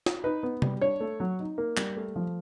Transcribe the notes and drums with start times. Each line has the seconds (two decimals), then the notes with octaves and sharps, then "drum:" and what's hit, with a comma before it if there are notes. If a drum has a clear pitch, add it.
0.06 drum: snare
0.24 D#4 B4
0.43 B3
0.62 G3, drum: tom
0.81 D4 C#5
1.00 A3
1.20 F#3
1.40 D#4
1.58 A#3
1.77 G3, drum: clap
1.97 A3
2.16 F3